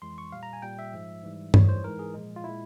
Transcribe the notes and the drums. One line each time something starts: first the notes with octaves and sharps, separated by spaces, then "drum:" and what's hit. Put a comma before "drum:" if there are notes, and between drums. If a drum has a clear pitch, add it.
F2 E3 G#3 C6
C#6
A#2 G3 F5
A#5
G#5
A#2 G3 G5
E5
G#2 F3 G#3
G#2 E3 G3
G#2 E3 G3 C#5, drum: tom G2
C5
G#2 E3 G#3 A#4
G#4
A#2 F3 G#3
F4
A#2 G#3 E4